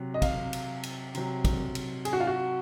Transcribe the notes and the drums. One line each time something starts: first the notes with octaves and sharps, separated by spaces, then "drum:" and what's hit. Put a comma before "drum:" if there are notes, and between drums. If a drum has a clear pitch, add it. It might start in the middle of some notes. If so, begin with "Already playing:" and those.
Already playing: C3 F#3
D#5
F5, drum: kick, cymbal
drum: cymbal
drum: cymbal
C3 F#3, drum: cymbal
drum: kick, cymbal
drum: cymbal
G#4, drum: cymbal
F#4
F4
F#4